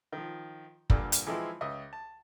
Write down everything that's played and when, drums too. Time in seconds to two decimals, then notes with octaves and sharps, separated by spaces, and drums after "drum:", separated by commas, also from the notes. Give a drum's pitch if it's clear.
0.12 D#3 F3
0.90 G2 A#2 D3 G3, drum: kick
1.12 drum: hi-hat
1.27 E3 F3 G#3 C4 D#4 E4
1.61 C#2 D#5 E5
1.93 A5